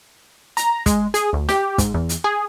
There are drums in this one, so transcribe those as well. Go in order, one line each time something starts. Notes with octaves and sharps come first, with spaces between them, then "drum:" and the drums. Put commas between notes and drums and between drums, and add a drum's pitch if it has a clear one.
A#5, drum: hi-hat
G#3, drum: kick, hi-hat
G#4, drum: hi-hat
D2
G4, drum: snare
G#2, drum: kick, hi-hat
E2
drum: hi-hat
G#4